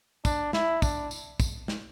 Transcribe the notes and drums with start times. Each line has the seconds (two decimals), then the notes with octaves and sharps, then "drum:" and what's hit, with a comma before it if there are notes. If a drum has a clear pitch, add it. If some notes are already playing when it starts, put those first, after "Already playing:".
0.25 D4, drum: kick, tambourine
0.53 E4, drum: snare
0.82 D4, drum: kick, tambourine
1.11 drum: tambourine
1.40 drum: kick, tambourine
1.68 drum: snare